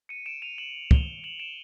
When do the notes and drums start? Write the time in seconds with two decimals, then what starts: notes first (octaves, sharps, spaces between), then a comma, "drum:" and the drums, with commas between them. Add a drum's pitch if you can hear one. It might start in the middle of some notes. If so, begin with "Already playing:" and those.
0.09 C#7 D#7
0.26 D7 E7
0.42 D#7 F7
0.58 E7 F#7
0.91 F7 G7, drum: kick
1.24 E7 F#7
1.39 D7 E7